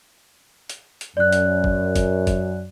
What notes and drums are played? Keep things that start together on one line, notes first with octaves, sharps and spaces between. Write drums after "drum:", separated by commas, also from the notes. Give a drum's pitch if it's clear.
drum: hi-hat
drum: hi-hat
F#2 D5 F#6
drum: hi-hat
drum: kick
drum: kick, hi-hat
drum: kick, hi-hat